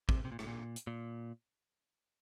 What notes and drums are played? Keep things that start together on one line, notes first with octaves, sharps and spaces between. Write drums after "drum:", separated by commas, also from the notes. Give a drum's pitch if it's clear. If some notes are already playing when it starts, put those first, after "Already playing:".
C3, drum: kick
C3
A#2
A2, drum: rim click
A#2
drum: hi-hat
A#2